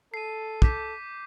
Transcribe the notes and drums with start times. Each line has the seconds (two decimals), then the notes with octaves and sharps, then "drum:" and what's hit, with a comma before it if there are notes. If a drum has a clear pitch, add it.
0.14 A4 C7 D#7
0.62 D6 G6 B6, drum: kick